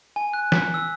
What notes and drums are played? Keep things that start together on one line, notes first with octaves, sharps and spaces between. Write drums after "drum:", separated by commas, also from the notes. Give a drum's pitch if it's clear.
G#5
F#6
B6, drum: snare
E6